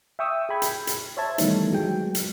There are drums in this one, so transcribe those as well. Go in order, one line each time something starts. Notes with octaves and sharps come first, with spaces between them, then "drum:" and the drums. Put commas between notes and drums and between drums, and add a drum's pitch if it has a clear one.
E5 G5 C#6 D#6 E6
G#4 G5 B5 G#6
drum: hi-hat
drum: hi-hat
C5 C#5 E5 A5 G#6
D#3 E3 G3 A3 B3 D#4, drum: hi-hat
F#3 G#3 G5
drum: hi-hat